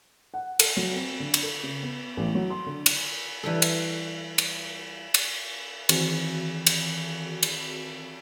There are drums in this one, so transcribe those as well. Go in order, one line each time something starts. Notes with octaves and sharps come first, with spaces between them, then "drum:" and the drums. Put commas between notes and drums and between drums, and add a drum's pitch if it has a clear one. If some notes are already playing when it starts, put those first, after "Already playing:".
F#5
A4, drum: cymbal
F#3
C4
D3
drum: cymbal
A4
C#3
B3
A1
F#3
C6
D3
drum: cymbal
E3 G3 A4
drum: cymbal
drum: cymbal
drum: cymbal
D#3 E3 C4 F#4 G#4, drum: cymbal
drum: cymbal
drum: cymbal